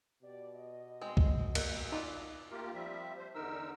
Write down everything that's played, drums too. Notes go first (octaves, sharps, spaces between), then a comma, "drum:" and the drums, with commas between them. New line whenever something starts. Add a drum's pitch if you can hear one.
B2 G4 D5
D#5
G#3 C4
drum: kick C2
A#3 A#4, drum: cymbal
D#4 F4 D5
A3 A#3 F4 G4 A#4
F3 G3 C4 E5
C5
E2 D3 D#4 A#4 E6